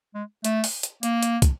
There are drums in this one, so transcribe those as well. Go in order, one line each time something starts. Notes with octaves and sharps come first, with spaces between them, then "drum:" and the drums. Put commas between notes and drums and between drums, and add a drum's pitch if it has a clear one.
G#3
A3, drum: hi-hat
drum: open hi-hat
drum: hi-hat
A#3, drum: hi-hat
drum: hi-hat
drum: kick, hi-hat